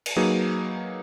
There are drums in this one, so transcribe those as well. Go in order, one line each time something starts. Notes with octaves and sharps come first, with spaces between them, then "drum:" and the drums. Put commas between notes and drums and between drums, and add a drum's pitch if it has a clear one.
drum: cymbal
F#3 A#3 D#4 G#4 B4